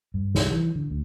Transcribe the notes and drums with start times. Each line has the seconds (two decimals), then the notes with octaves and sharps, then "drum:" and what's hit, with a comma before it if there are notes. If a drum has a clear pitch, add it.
0.14 G2
0.35 C2, drum: snare
0.51 E3
0.75 D3
0.90 D2